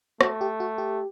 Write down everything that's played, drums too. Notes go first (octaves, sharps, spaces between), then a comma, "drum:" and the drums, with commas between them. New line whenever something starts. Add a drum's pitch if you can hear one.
A3 F#4, drum: rim click
G4
F#4
G4